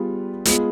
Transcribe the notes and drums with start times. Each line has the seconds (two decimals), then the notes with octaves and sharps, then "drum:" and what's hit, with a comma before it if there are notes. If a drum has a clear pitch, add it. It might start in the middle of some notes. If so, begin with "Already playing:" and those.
Already playing: G3 B3 F4 G#4
0.45 G#3 B3 F4 G#4, drum: hi-hat